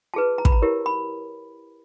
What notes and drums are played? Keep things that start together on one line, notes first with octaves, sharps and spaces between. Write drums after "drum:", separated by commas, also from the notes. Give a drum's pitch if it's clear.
F4 G#4 B4 A5
A#5
B5, drum: kick
A#5
E4 G4 A#4 C#5
B5